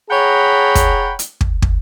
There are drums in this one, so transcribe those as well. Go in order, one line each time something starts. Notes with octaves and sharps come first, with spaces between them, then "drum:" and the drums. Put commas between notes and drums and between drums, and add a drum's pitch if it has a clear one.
G#4 C#5 F#5 G5 A#5 B5
drum: kick, hi-hat
drum: hi-hat
drum: kick
drum: kick